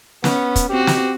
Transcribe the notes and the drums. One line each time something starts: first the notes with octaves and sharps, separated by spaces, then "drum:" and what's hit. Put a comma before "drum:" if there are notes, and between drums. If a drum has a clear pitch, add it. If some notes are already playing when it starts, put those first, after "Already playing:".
B3 C#4, drum: snare
drum: kick, hi-hat
C4 F#4 G4
drum: snare